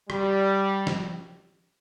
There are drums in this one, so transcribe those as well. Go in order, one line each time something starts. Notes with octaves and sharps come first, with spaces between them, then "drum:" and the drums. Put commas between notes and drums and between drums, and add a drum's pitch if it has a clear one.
G3, drum: rim click
drum: snare